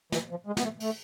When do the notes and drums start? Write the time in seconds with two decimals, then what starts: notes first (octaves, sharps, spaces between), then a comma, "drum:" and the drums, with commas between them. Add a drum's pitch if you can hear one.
0.12 E3, drum: snare
0.30 F3
0.47 G#3
0.57 B3, drum: snare
0.63 A3
0.80 A3, drum: open hi-hat